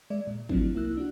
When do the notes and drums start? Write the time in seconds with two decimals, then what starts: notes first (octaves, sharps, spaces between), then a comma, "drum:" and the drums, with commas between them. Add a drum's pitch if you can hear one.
0.10 G#3 D5 E5
0.27 A#2
0.49 F3 F#3 A3 C4 D4 E4, drum: kick
0.75 C2 A#3 E4 E6 F#6
0.97 D4 F#4